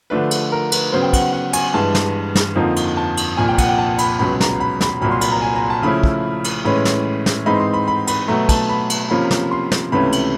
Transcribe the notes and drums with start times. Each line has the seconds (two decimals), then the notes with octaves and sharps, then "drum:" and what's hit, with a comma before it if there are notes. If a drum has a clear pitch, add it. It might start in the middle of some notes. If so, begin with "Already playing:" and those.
0.10 D3 F3 A3 D4 B4
0.31 drum: cymbal
0.52 A#4
0.72 B4, drum: cymbal
0.93 C#3 F#3 B3 C5
1.02 G5
1.13 F#5, drum: kick, cymbal
1.33 F#5
1.53 G#5, drum: cymbal
1.74 G2 E3 G#3 A5
1.95 drum: snare
2.35 drum: snare
2.56 F2 D3 F3 A#3 D#4
2.76 drum: cymbal
2.97 A5
3.17 drum: cymbal
3.37 C2 A#2 F3 G#5
3.49 G5
3.58 F#5, drum: kick, cymbal
3.69 G5
3.79 A5
3.98 B5, drum: cymbal
4.19 C#2 B2 F#3 B5
4.41 A#5, drum: snare
4.60 B5
4.81 B5, drum: snare
5.01 C2 A#2 F#3 B5
5.12 C6
5.21 B5, drum: cymbal
5.32 A#5
5.42 G#5
5.55 A#5
5.70 A5
5.82 C#3 F3 A3 C#4 E4 B5
6.04 drum: kick
6.44 drum: cymbal
6.64 A2 E3 G#3 C#4 B5
6.85 drum: snare
7.26 drum: snare
7.46 G#2 E3 G#3 C4 D#4 B5
7.60 C6
7.74 B5
7.88 B5
8.07 B5, drum: cymbal
8.28 B2 F#3 A3 A#5
8.49 A5, drum: kick, cymbal
8.69 B5
8.90 drum: cymbal
9.10 C3 F3 A#3 C#4 B5
9.31 drum: snare
9.51 C6
9.72 drum: snare
9.92 C#2 C3 E3 A3 C#4 B5
10.12 drum: cymbal